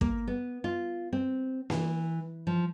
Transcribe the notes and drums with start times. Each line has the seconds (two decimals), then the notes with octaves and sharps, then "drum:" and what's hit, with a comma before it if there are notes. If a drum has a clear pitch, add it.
0.01 A#3, drum: kick
0.28 B3
0.64 F4
1.13 C4
1.70 E3, drum: snare A#3
2.47 F3